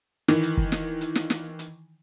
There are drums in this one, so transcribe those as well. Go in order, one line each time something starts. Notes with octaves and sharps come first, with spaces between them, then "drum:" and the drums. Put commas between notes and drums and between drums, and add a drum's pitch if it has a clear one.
D#3 E3, drum: snare
drum: hi-hat
drum: kick
drum: snare
drum: hi-hat
drum: snare
drum: snare
drum: hi-hat